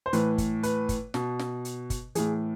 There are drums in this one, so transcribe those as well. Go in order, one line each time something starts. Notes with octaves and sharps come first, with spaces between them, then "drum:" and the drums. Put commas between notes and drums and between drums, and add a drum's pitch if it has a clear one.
C5
A2 E3 B4, drum: hi-hat
drum: kick, hi-hat
B4, drum: hi-hat
drum: kick, hi-hat
B2, drum: snare
drum: snare
drum: hi-hat
drum: kick, hi-hat
A2 E3 G#4, drum: hi-hat